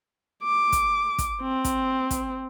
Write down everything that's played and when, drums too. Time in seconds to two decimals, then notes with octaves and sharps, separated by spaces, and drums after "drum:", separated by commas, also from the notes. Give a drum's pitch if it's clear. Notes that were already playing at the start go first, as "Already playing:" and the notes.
0.44 D6
0.72 drum: kick, hi-hat
1.18 drum: kick, hi-hat
1.41 C4
1.64 drum: kick, hi-hat
2.11 drum: kick, hi-hat